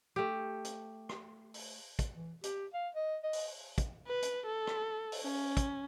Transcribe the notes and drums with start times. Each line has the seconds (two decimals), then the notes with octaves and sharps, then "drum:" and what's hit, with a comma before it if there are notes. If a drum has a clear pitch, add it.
0.16 A3 G4
0.65 drum: hi-hat
1.09 drum: rim click
1.54 drum: open hi-hat
1.99 drum: kick, hi-hat
2.12 E3
2.44 G4, drum: hi-hat
2.74 F5
2.95 D#5
3.24 D#5
3.33 drum: open hi-hat
3.78 drum: kick, hi-hat
4.08 B4
4.22 drum: hi-hat
4.46 A4
4.67 drum: rim click
5.12 drum: open hi-hat
5.24 C#4
5.57 drum: kick, hi-hat